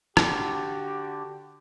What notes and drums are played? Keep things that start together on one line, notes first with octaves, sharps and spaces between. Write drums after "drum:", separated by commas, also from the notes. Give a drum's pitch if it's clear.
D3 F#4 G4, drum: rim click